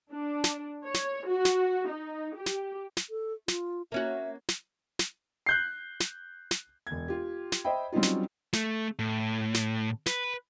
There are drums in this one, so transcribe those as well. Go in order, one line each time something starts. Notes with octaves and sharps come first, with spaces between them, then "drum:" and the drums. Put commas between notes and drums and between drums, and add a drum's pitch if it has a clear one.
D4
drum: snare
C#5
drum: snare
F#4
drum: snare
D#4
G4
drum: snare
drum: snare
A4
F4, drum: snare
A#3 C#4 F#4 E5
drum: snare
drum: snare
F#6 G6 C7
drum: snare
drum: snare
E1 G#6
F4 G4
drum: snare
C5 D#5 E5 G5 B5
F#3 G3 C4 C#4 D#4 F4
drum: snare
A3, drum: snare
A2
drum: snare
B4, drum: snare